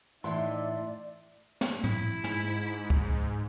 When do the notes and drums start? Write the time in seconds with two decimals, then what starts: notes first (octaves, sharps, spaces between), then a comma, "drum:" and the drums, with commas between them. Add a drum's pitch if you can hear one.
0.24 A2 E3 D#4 D5 E5 C6
1.61 drum: snare
1.84 E4, drum: tom
2.24 G#2, drum: snare
2.90 drum: kick C#2